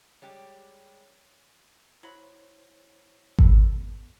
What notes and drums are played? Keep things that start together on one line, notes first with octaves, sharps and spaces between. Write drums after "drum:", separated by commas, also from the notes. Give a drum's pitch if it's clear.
G3 G#3 G4 C#5
F#3 E4 C5 C#5 B5
A4 B4 A5, drum: kick G#1
B3